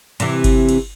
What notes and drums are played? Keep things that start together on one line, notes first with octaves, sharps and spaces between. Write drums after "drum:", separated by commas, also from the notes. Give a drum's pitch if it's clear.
C3 E3, drum: cymbal
drum: kick G1, cymbal
drum: cymbal